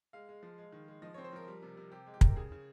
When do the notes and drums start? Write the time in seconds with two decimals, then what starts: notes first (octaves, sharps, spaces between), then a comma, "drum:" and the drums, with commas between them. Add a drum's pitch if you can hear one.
0.13 G#3 F5
0.29 G#3
0.43 F3
0.58 G#3
0.72 D#3
0.88 G#3
1.02 F3 D#5
1.14 C4 C#5
1.24 C5
1.32 F3 A#4
1.48 G3
1.62 C3
1.77 C3
1.92 C3 G4
2.07 G#3
2.14 G4
2.21 C3 A#4, drum: kick
2.36 C#3 G#4
2.52 C#3